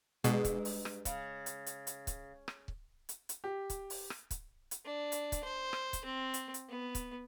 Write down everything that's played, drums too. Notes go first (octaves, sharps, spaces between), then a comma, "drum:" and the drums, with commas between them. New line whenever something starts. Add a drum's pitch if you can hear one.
G2 B2 G#3, drum: hi-hat
drum: kick C#1, hi-hat
drum: open hi-hat
drum: rim click
C#3, drum: kick C#1, hi-hat
drum: hi-hat
drum: hi-hat
drum: hi-hat
drum: kick C#1, hi-hat
drum: rim click
drum: kick C#1
drum: hi-hat
drum: hi-hat
G4
drum: kick C#1, hi-hat
drum: open hi-hat
drum: rim click
drum: kick C#1, hi-hat
drum: hi-hat
D4
drum: hi-hat
drum: kick C#1, hi-hat
C5
drum: rim click
drum: kick C#1, hi-hat
C4
drum: hi-hat
drum: hi-hat
B3
drum: kick C#1, hi-hat